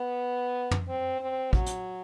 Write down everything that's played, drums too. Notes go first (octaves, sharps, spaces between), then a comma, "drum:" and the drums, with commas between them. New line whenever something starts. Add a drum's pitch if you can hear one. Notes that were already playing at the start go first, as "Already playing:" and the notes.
Already playing: B3
drum: tom
C4
C4
F#3, drum: kick
drum: hi-hat